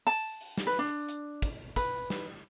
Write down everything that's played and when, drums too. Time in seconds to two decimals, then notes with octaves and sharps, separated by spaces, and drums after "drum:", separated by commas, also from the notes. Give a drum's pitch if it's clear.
0.07 A5, drum: open hi-hat
0.41 drum: open hi-hat
0.57 drum: snare
0.67 B4
0.79 D4
1.08 drum: hi-hat
1.42 drum: kick, hi-hat
1.76 B4, drum: kick, hi-hat
2.10 drum: snare